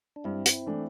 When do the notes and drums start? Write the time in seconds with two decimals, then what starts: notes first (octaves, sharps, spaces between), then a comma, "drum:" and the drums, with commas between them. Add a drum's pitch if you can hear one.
0.16 D4
0.24 G2 C4 E4
0.46 drum: hi-hat
0.66 E3 A3 D4